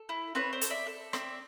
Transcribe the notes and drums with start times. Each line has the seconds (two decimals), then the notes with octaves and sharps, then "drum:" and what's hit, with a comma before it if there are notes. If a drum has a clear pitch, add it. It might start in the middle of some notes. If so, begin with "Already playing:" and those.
Already playing: A4
0.09 E4
0.35 C4 B4 C#5
0.53 C5 D5
0.61 A4, drum: hi-hat
0.70 D5 E5
0.87 A4
1.13 C4 D5 E5, drum: rim click